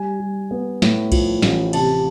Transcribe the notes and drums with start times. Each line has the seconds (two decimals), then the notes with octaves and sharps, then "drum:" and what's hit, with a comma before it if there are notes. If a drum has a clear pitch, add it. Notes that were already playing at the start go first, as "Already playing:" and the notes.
Already playing: G3 G#5
0.20 G3
0.51 B3
0.82 A2, drum: snare
1.12 F3, drum: kick B1, cymbal
1.42 A1, drum: snare
1.73 C3 A5, drum: cymbal